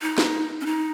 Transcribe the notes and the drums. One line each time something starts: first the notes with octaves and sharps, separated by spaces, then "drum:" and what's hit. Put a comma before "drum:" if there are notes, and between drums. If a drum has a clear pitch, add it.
D#4
drum: snare
C#4
D#4